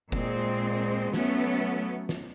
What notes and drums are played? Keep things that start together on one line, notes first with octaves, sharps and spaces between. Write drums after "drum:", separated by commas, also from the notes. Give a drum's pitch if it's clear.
A#2 G#3 C4 C5, drum: kick F#1
F#3 A3 B3 C#4, drum: snare
drum: snare